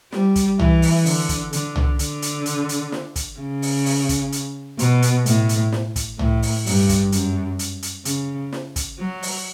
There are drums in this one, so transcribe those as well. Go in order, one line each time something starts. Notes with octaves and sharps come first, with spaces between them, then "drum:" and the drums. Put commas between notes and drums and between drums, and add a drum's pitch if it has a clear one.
G3, drum: snare
drum: kick, hi-hat
E3, drum: tom
drum: open hi-hat
D3, drum: open hi-hat
drum: kick, hi-hat
D3, drum: hi-hat
drum: tom
D3, drum: hi-hat
drum: hi-hat
drum: hi-hat
drum: hi-hat
drum: snare
drum: kick, hi-hat
C#3
drum: open hi-hat
drum: open hi-hat
drum: kick, hi-hat
drum: hi-hat
B2, drum: hi-hat
drum: hi-hat
A2, drum: hi-hat
drum: hi-hat
drum: snare
drum: kick, hi-hat
A2, drum: tom
drum: open hi-hat
G2, drum: open hi-hat
drum: kick, hi-hat
F#2, drum: hi-hat
drum: hi-hat
drum: hi-hat
C#3, drum: hi-hat
drum: snare
drum: kick, hi-hat
F#3
drum: open hi-hat